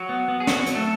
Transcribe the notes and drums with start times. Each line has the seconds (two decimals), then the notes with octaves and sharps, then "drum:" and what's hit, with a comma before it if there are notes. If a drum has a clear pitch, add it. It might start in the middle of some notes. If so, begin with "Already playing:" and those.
Already playing: F#3 F#4
0.09 B3
0.28 B3
0.40 G#4
0.47 F#3 F#4, drum: snare
0.66 F#3, drum: hi-hat
0.76 A3 A4